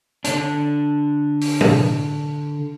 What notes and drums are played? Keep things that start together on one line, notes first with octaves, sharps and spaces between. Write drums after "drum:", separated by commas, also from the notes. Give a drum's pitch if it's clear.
D3 D4, drum: hi-hat
drum: open hi-hat
drum: tom